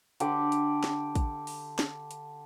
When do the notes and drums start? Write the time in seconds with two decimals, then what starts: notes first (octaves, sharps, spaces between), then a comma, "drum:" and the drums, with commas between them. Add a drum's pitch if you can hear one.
0.20 D3 G4 D5, drum: hi-hat
0.52 drum: hi-hat
0.84 drum: snare
1.15 drum: kick, hi-hat
1.47 drum: open hi-hat
1.79 drum: snare
2.11 drum: hi-hat